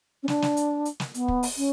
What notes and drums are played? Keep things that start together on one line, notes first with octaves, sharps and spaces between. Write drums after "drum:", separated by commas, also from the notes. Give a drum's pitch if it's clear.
C#4
D4, drum: snare
drum: snare
drum: hi-hat
drum: hi-hat
drum: snare
B3, drum: hi-hat
drum: kick
drum: open hi-hat
C#4